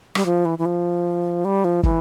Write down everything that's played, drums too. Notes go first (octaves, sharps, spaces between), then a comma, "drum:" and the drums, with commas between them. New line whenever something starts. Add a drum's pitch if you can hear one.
G3, drum: rim click
F3
E3
E3
F3
G3
F3
E3, drum: kick